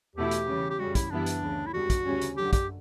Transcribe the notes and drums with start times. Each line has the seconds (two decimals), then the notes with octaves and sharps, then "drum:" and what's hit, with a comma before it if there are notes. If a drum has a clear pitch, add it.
0.16 E2 B2 A3 E4 G4
0.31 drum: hi-hat
0.47 C#3 E3 G3
0.70 G4
0.79 F#2 C#3 G3 F#4
0.95 E4, drum: kick, hi-hat
1.10 F#2 E3 G3 B3 D4 E4
1.26 drum: hi-hat
1.42 D2 C#3 E3
1.67 E4
1.74 E2 D3 G3 F#4
1.90 drum: kick, hi-hat
2.05 D2 C#3 G3 C#4
2.22 drum: hi-hat
2.37 F#2 D3 F#3 G4
2.53 G4, drum: kick, hi-hat